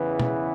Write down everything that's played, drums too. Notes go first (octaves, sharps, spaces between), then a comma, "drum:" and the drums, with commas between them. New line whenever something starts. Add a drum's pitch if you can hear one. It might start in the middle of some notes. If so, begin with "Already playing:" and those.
Already playing: E2 C#3 E3 B3
drum: tom B2